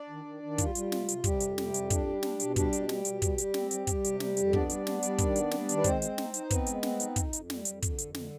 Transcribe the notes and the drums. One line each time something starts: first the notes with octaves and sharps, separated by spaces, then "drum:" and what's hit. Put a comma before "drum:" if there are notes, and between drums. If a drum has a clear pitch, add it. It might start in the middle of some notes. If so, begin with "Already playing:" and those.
Already playing: D4 D5
D#3
D#3
D#3
G3 F4, drum: kick, hi-hat
G3, drum: hi-hat
C3, drum: snare
C3, drum: hi-hat
C3 G3 G4, drum: kick, hi-hat
F2, drum: hi-hat
C3, drum: snare
F2, drum: hi-hat
D4, drum: kick, hi-hat
G3
D4, drum: snare
B2, drum: hi-hat
G3 D4 G4, drum: kick, hi-hat
B2, drum: hi-hat
G3, drum: snare
B2, drum: hi-hat
G3, drum: kick, hi-hat
G3, drum: hi-hat
C4, drum: snare
G3, drum: hi-hat
G3, drum: kick, hi-hat
C3, drum: hi-hat
G3, drum: snare
F2, drum: hi-hat
B3 D4 D5, drum: kick
G3, drum: hi-hat
B3, drum: snare
G3, drum: hi-hat
D#3, drum: kick, hi-hat
B3, drum: hi-hat
G3, drum: snare
D#3, drum: hi-hat
B4
G#3 C4 C5, drum: kick, hi-hat
C4, drum: hi-hat
D#4, drum: snare
D#4, drum: hi-hat
B3 C4 B4, drum: kick, hi-hat
G#3, drum: hi-hat
C4, drum: snare
D#4, drum: hi-hat
F2, drum: kick, hi-hat
F2, drum: hi-hat
G3, drum: snare
F2, drum: hi-hat
D3, drum: kick, hi-hat
F2, drum: hi-hat
D3, drum: snare